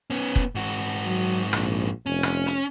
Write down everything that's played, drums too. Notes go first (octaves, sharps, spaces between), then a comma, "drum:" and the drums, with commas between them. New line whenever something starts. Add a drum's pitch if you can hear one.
B3 C#4
drum: kick F1
G#2 F#4
F#3
A#1, drum: rim click
F1 C#4
drum: rim click
drum: hi-hat